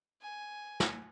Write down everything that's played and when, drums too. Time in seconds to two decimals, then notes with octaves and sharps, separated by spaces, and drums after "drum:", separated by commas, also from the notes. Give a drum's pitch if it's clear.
0.22 G#5
0.80 drum: snare